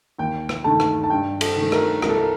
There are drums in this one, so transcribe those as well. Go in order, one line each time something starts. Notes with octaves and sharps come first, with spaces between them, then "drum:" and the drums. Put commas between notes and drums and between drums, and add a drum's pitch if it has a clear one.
D#2 G5
drum: rim click
D#3 A3 A5
drum: rim click
A5
G2 G5
A4, drum: cymbal
D#3 A3
A#4, drum: rim click
C2 A#4, drum: rim click
A4
A#4